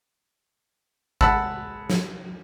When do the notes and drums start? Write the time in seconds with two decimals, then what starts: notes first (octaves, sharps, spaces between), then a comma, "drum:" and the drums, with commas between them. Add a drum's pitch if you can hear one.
1.21 G#3 F#5 A5 B5 E6, drum: kick
1.90 drum: snare